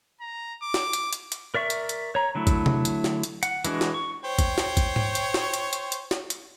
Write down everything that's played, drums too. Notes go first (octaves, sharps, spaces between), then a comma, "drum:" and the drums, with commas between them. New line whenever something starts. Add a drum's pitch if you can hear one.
A#5
D6
drum: snare
drum: hi-hat
drum: hi-hat
drum: hi-hat
A#4 D5 E5 C#6
drum: hi-hat
drum: hi-hat
C#5 A#5
D3 F#3 A3 E4
drum: kick, hi-hat
drum: tom C3
drum: hi-hat
drum: snare
drum: hi-hat
F#5, drum: hi-hat
E3 G#3 D4 F#4, drum: hi-hat
drum: snare
C#6
C5 C#5 G5
drum: kick, hi-hat
drum: snare
drum: kick, hi-hat
drum: tom G#2
drum: hi-hat
drum: snare
drum: hi-hat
drum: hi-hat
drum: hi-hat
drum: snare
drum: hi-hat